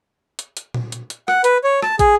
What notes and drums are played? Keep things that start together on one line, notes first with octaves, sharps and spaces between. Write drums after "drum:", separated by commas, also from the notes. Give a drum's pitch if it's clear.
drum: hi-hat
drum: hi-hat
drum: tom A#2
drum: hi-hat
drum: hi-hat
F#5, drum: rim click
B4, drum: hi-hat
C#5
A5, drum: rim click
G#4, drum: kick, hi-hat